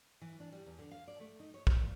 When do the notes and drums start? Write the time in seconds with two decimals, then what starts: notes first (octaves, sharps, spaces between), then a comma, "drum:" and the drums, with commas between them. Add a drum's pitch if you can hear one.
0.21 E3
0.40 D4
0.52 G3
0.66 E2
0.79 D3
0.91 F5
1.08 D5
1.20 A3
1.40 D#4
1.54 C#5
1.67 E3, drum: kick A#1
1.81 A#2